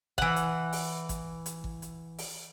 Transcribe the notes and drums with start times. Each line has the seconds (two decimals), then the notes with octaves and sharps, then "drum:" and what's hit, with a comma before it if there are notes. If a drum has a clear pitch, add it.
0.18 E3 F#5, drum: kick G#1
0.36 drum: hi-hat
0.73 drum: open hi-hat
1.09 drum: kick G#1, hi-hat
1.46 drum: hi-hat
1.64 drum: kick G#1
1.82 drum: hi-hat
2.19 drum: open hi-hat